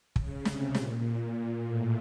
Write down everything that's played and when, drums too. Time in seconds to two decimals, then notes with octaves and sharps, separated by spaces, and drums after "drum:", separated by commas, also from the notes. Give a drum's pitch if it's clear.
0.16 C#3, drum: kick
0.45 C3, drum: snare
0.75 A#2, drum: snare
1.04 A#2
1.63 A2